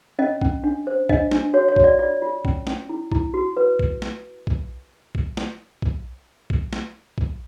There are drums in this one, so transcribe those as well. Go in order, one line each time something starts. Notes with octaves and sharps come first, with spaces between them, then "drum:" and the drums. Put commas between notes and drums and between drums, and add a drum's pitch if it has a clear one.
C#4 D#5
C#4, drum: kick B1
D4
C5
D4 D#5, drum: kick B1
D4, drum: snare
F#4 C#5
C#5
F#4, drum: kick B1
D5
F4 D5
F4
C#4, drum: kick B1
C#4, drum: snare
E4
E4, drum: kick B1
F#4
B4
drum: kick B1
drum: snare
drum: kick B1
drum: kick B1
drum: snare
drum: kick B1
drum: kick B1
drum: snare
drum: kick B1